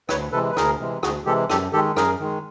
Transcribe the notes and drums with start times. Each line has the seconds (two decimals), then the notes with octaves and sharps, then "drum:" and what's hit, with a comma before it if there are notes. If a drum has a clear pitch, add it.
0.09 D2 B4 C#5, drum: rim click
0.32 C3 E3 G#3 A4 B4
0.52 B4
0.57 D2 G#4 A#4, drum: rim click
0.80 C3 E3 G#3
1.03 D2 F#4 G#4, drum: rim click
1.26 C3 E3 G#3 G4 A4
1.50 F#2 G4 A4, drum: rim click
1.73 D#3 G#3 G4 A4
1.97 F#2 G#4 A#4, drum: rim click
2.20 D#3 G#3